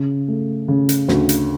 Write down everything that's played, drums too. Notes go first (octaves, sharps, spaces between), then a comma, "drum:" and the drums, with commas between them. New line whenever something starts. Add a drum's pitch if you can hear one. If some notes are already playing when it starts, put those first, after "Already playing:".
Already playing: C#3
A3
C#3
drum: hi-hat
D2, drum: snare
drum: hi-hat